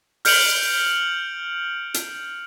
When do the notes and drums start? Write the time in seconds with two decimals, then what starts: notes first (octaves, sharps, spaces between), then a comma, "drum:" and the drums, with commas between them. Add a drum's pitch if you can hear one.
0.25 F6 G6 C#7 D7 F7 F#7, drum: open hi-hat
1.94 drum: hi-hat